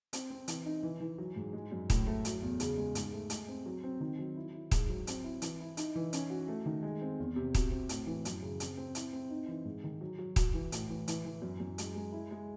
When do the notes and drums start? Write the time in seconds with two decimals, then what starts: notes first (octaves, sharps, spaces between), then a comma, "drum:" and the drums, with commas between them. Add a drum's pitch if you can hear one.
0.13 C4, drum: hi-hat
0.30 C4
0.48 E3, drum: hi-hat
0.65 D#4
0.83 E3
1.00 E3
1.18 F#3
1.36 G#2
1.53 G#3
1.71 F#2
1.90 A2, drum: kick D#1, hi-hat
2.07 A3
2.25 F#3, drum: hi-hat
2.42 E2
2.60 C#3, drum: hi-hat
2.77 G#3
2.95 G#2, drum: hi-hat
3.13 A3
3.30 G#3, drum: hi-hat
3.49 C4
3.66 F#3
3.83 C4
4.00 D#3
4.18 F#3
4.37 E4
4.54 E4
4.71 G#2, drum: kick D#1, hi-hat
4.89 F#3
5.07 C4, drum: hi-hat
5.24 E4
5.42 E3, drum: hi-hat
5.60 E4
5.77 D#4, drum: hi-hat
5.95 E3
6.13 C#4, drum: hi-hat
6.30 F#4
6.48 A3
6.66 D#3
6.83 G#3
7.01 C4
7.19 E2
7.36 C3
7.55 F#4, drum: kick D#1, hi-hat
7.71 C4
7.89 A2, drum: hi-hat
8.07 E3
8.25 F#2, drum: hi-hat
8.42 C#3
8.60 C4, drum: hi-hat
8.78 C4
8.95 E4, drum: hi-hat
9.13 C4
9.30 D#4
9.48 E3
9.65 G#2
9.84 D#3
10.01 F#3
10.18 F#3
10.36 F#4, drum: kick D#1, hi-hat
10.54 E3
10.72 A2, drum: hi-hat
10.89 E3
11.08 E3, drum: hi-hat
11.25 E3
11.42 F#2
11.60 F#2
11.78 G#3, drum: hi-hat
11.95 G#3
12.12 E4
12.31 G#3